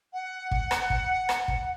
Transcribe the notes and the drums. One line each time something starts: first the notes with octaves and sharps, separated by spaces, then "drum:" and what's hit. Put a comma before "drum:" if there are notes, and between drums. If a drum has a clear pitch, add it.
F#5
drum: kick
drum: rim click
drum: kick
drum: rim click
drum: kick